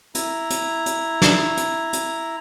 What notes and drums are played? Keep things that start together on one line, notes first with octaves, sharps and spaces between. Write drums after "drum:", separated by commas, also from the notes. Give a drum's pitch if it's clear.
E4 A#5, drum: hi-hat
drum: hi-hat
drum: hi-hat
drum: snare
drum: hi-hat
drum: hi-hat